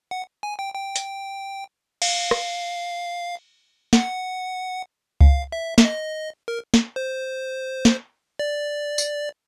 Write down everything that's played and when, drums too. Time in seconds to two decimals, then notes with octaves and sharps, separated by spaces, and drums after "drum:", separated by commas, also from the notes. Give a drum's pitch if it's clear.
0.11 F#5
0.43 G#5
0.59 G5
0.75 G5
0.96 drum: hi-hat
2.02 F5, drum: cymbal
2.31 drum: rim click
3.93 F#5, drum: snare
5.21 F5, drum: kick C#2
5.52 E5
5.78 E5, drum: snare
5.85 D#5
6.48 A#4
6.74 drum: snare
6.96 C5
7.85 drum: snare
8.39 D5
8.98 drum: tambourine